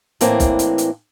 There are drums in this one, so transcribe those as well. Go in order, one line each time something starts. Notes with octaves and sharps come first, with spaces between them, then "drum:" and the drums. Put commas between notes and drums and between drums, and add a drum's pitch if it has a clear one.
A2 E3 A#3 C4 D4, drum: hi-hat
drum: kick B1, hi-hat
drum: hi-hat
drum: hi-hat